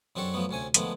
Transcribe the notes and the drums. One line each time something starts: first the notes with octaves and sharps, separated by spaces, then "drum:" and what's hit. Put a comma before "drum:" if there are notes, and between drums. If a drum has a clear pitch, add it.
F#2 C4 D4 G4 A4 C#6
F3 F#3 A3 B3
D2 C3 C#4 G#5
D3 D#3 F3 G#3 A3 B3, drum: hi-hat